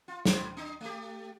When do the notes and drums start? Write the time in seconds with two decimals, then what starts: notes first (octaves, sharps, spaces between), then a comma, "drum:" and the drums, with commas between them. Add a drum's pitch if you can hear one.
0.08 F4
0.25 G#2 C5, drum: snare
0.57 D4 D#4
0.81 A3 G4